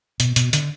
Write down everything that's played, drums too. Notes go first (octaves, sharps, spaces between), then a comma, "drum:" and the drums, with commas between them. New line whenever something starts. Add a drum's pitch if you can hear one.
B2, drum: hi-hat
B2, drum: hi-hat
D3, drum: hi-hat